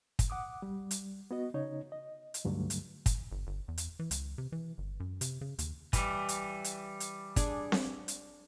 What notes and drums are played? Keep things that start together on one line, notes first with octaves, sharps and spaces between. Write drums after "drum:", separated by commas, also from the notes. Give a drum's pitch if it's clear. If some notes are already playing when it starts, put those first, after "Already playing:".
drum: kick, hi-hat
F#5 D6 D#6
G3
drum: hi-hat
B3 F#4 D#5
C#3 D#4 C#5 D#5
D#5
drum: hi-hat
C#2 G2 D3 F#3 A3
drum: hi-hat
drum: kick, hi-hat
G1
G1
E2
drum: hi-hat
E3
C#2, drum: hi-hat
C3
E3
G1
F#2
C3, drum: hi-hat
C#3
D#2, drum: hi-hat
E3 G3, drum: kick, hi-hat
drum: hi-hat
drum: hi-hat
drum: hi-hat
D4 G#4, drum: kick, hi-hat
drum: snare C4
drum: hi-hat